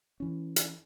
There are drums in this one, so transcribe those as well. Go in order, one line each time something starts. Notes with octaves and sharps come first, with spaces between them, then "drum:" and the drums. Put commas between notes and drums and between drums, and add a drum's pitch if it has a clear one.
E3 C#4
drum: hi-hat